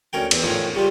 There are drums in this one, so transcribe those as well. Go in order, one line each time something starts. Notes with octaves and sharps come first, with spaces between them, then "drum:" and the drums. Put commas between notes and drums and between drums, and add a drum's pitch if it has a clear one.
D2 C#4 A#4 G5
E2, drum: cymbal
A2 D#3 F3 C#4
C#3 G3 F4